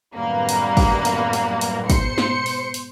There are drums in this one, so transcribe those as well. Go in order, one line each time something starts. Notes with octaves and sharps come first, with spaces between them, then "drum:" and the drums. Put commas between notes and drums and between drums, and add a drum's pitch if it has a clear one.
F#2 A2 D#3 G3 A#3 B3
drum: hi-hat
drum: kick, open hi-hat
drum: hi-hat
drum: hi-hat
drum: hi-hat
G#2 B2 C5 C6 C#7, drum: kick, hi-hat
drum: snare
drum: open hi-hat
drum: hi-hat